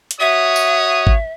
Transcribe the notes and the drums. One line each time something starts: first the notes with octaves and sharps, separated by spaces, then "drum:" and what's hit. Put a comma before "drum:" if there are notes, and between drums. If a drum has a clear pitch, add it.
drum: hi-hat
F#4 C#5 E5 D#6
drum: tambourine
drum: kick G#1